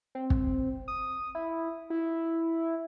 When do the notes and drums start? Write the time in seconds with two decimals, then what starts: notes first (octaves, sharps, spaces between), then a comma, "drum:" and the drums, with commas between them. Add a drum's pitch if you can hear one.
0.15 C4
0.30 drum: kick
0.88 D#6
1.35 E4
1.90 E4